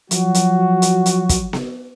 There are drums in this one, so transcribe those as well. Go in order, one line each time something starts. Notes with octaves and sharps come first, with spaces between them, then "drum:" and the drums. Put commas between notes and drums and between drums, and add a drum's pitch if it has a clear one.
F3 F#3 F#4, drum: hi-hat
drum: hi-hat
drum: hi-hat
drum: hi-hat
drum: kick, hi-hat
drum: snare B3